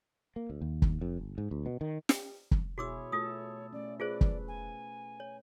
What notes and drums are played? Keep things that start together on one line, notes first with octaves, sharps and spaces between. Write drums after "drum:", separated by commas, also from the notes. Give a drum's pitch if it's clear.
A#3
D2
D#2
drum: kick
F2
G1
G#2
D2
B2
D#3
drum: snare
drum: kick
B2 E4 F#4 G#4 C#5 D6 E6
A3 F4 A4 D#6
A3 C#4 D5
F4 G#4 B4 C5 D5
drum: kick
G#5
C#5